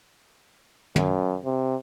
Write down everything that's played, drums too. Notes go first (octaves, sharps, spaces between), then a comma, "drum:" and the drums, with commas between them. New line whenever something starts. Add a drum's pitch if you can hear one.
F#2, drum: tom
C3